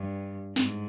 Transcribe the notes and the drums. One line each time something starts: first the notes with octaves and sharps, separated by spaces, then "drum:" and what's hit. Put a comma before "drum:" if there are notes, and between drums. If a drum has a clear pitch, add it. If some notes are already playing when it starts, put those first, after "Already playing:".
Already playing: G2
G#2, drum: snare